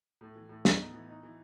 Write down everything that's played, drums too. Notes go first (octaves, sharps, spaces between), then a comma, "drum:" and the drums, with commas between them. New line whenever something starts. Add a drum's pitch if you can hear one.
A2
E3
A2
B3, drum: snare
D#4
E3
D#4
E3